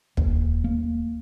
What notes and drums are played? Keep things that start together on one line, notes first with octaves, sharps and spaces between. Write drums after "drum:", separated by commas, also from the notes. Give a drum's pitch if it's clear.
D#2, drum: kick
A#3